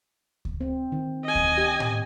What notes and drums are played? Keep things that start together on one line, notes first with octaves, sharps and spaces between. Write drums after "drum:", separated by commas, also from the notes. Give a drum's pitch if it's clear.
drum: kick D2
C4
D#3
D#5 G#5
drum: kick D2
G4
drum: tom A2